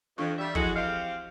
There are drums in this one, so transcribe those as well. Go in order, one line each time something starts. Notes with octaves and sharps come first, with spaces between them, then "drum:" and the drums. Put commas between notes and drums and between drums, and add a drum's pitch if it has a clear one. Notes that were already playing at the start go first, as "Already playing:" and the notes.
F2 E3 D4 C#6
G3 E5
F3 G#3 E4 F#4 A4, drum: kick
C4 G4 D#5 F5